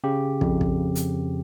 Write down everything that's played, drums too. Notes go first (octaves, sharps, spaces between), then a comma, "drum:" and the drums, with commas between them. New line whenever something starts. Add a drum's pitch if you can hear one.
C#3 G4
F2, drum: kick
drum: kick
drum: hi-hat